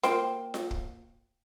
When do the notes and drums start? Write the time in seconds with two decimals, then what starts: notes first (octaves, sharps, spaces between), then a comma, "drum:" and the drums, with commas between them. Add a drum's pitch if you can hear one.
0.03 A#3 C5 G5, drum: snare F4
0.54 drum: snare F4
0.71 drum: kick